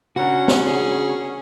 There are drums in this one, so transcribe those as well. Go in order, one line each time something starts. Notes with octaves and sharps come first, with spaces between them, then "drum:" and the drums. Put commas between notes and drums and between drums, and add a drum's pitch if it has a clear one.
C#3 C#4 D4 F#4 A#4 F#5
drum: snare
G#4